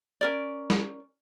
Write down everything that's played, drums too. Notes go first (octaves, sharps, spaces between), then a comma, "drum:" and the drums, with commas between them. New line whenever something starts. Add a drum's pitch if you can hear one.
C#4 A#4 D5
drum: snare